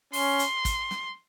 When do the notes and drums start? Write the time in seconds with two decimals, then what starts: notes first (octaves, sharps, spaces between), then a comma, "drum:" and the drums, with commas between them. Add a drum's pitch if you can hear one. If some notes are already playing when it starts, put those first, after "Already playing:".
0.13 C#4 C6, drum: open hi-hat
0.39 drum: hi-hat
0.65 drum: kick, hi-hat
0.91 drum: snare